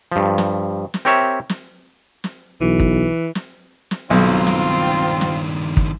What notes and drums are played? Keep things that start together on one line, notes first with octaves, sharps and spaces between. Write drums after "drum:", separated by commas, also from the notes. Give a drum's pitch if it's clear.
G2 F3
drum: snare
drum: snare
C4 G4 A#4 C#5 E5
drum: snare
drum: snare
B1 E3
drum: kick
drum: snare
drum: snare
B1 G2 D#3 C4 F4
drum: snare
drum: snare
drum: kick